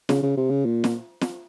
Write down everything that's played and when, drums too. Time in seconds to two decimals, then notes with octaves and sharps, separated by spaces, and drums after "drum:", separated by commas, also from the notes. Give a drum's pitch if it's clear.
0.09 C#3, drum: snare
0.23 C#3
0.37 C3
0.50 C#3
0.65 A#2
0.84 drum: snare
1.21 drum: snare